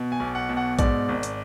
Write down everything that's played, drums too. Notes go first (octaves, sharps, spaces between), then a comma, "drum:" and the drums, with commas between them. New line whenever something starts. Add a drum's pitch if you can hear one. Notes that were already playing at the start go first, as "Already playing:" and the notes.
Already playing: B2
G#5
B1
F#5
B2
F#5
G#2 D5, drum: kick A1, hi-hat
G#1
drum: hi-hat